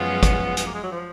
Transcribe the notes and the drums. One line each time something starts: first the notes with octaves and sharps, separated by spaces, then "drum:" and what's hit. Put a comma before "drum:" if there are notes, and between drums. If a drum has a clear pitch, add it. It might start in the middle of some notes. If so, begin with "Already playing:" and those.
Already playing: F#2 F3 G#3 B3 C#4 F4
drum: kick G1, hi-hat
B3, drum: hi-hat
A#3
G#3
F#3
F3